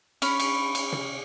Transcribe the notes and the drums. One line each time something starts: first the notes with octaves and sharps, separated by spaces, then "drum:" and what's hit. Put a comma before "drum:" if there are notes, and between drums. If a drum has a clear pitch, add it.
C#4 B5, drum: cymbal
drum: cymbal
drum: cymbal
drum: tom